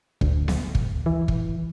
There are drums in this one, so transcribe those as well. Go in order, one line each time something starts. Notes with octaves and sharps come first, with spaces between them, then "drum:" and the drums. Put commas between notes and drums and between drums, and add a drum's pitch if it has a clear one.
D2, drum: kick
drum: snare B3
drum: kick
E3
drum: kick